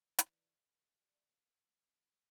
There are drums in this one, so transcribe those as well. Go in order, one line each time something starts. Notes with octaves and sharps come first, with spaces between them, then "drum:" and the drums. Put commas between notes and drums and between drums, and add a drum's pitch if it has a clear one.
E3 G3, drum: hi-hat
A3
A#3
A3
G3
A3
A#3
A#3